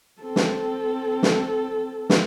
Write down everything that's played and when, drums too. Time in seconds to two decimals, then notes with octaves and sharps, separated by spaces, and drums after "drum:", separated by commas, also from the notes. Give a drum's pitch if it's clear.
0.21 C4 A4
0.36 drum: snare
1.23 drum: snare
2.10 drum: snare